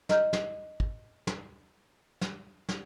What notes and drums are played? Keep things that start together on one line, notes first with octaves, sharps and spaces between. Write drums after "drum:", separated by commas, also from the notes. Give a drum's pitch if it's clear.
D#5 A#5 F6 G6, drum: snare
drum: snare
drum: kick
drum: snare
drum: snare
drum: snare